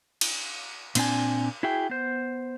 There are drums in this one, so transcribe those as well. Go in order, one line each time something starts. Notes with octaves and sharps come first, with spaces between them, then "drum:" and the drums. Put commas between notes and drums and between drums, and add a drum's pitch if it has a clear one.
drum: cymbal
A#2 C4 D4 G#5, drum: cymbal
E4 F#4 G#4 E5 G5
B3 C5